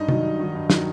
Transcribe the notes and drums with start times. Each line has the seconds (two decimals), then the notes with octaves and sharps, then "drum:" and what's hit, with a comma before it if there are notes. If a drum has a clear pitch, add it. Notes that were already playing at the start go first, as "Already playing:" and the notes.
Already playing: G2 D#4 D#5
0.08 D#3 F#3, drum: tom C3
0.23 G2
0.39 D#3 F#3
0.55 G2
0.70 D#3 F#3, drum: snare